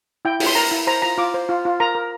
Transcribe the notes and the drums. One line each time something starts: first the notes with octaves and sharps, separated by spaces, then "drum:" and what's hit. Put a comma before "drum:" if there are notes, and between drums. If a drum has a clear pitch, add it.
E4 G5
E4, drum: open hi-hat
C6
A#4 A#5
E4
C5 A#5
F4 A#5
F4 D6
C5
F4
F4
A#4 A#5
A#4